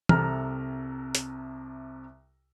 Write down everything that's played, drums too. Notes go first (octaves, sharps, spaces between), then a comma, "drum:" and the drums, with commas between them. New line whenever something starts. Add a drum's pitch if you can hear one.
C2 C3 A4 A#5 F6, drum: tom
drum: hi-hat